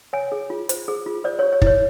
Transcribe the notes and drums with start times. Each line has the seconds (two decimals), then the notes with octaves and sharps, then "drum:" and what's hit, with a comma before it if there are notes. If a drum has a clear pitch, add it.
0.13 C#5 G#5
0.32 G#4
0.50 F4
0.69 C5, drum: hi-hat
0.88 G#4
1.06 F4
1.24 C5 D5
1.39 G4 C#5
1.53 C#5
1.62 E4, drum: kick
1.67 C#5